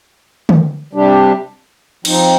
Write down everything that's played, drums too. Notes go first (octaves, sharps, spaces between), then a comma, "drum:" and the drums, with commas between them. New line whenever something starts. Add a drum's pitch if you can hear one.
drum: tom D3
C3 G3 D4 G4
F3 C4 D#4, drum: cymbal